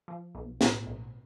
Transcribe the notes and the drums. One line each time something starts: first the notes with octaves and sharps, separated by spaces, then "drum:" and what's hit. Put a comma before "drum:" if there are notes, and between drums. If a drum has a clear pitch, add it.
F3
B1
A2, drum: snare
B1